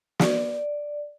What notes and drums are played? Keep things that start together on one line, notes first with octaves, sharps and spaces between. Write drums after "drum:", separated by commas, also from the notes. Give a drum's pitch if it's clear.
D5, drum: snare